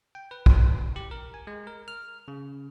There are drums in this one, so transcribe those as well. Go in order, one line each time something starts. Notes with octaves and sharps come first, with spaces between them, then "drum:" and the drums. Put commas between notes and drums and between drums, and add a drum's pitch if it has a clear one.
G5
B4
drum: kick
G4
A#4
G#5
G#3
A#4
F6
C#3